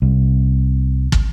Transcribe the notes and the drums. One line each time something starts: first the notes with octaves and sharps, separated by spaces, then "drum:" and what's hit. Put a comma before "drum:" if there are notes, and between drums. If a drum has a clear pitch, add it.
C2
drum: kick